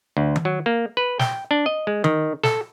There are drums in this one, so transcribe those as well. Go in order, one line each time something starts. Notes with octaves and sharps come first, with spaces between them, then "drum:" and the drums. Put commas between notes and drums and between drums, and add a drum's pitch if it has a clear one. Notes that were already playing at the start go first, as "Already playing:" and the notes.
D2
drum: tom D#3
F#3
A#3
B4
G5, drum: snare
D4
D#5
G#3
D#3, drum: tom D#3
A4, drum: snare